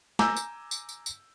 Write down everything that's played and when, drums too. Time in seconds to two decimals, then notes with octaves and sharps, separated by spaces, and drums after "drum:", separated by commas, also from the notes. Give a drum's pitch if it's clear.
0.19 G#5 A#5 D6 E6 G6, drum: snare
0.36 drum: tambourine
0.71 drum: tambourine
0.89 drum: tambourine
1.06 drum: tambourine